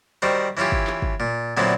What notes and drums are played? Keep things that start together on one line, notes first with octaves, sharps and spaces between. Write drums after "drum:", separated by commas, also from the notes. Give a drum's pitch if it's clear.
D#3 G3 F#4 C5
E3 C#4 E4 F4 G4
drum: kick
drum: clap
drum: kick
A#2
A#2 D3 F#3 B3 C4 E4